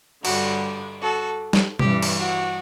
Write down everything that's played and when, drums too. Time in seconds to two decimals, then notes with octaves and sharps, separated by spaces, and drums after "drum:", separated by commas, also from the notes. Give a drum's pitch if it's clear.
0.25 G2 D3 G3 F#4, drum: cymbal
1.02 F#4 A4
1.53 drum: snare
1.79 G2 E3 G3 G4, drum: tom B2
2.02 drum: cymbal
2.18 F#4